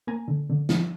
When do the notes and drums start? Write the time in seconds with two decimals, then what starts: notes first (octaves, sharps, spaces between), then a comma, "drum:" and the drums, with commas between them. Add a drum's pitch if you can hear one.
0.07 A#3 G#5 A#5
0.28 D3
0.50 D3
0.69 F3, drum: snare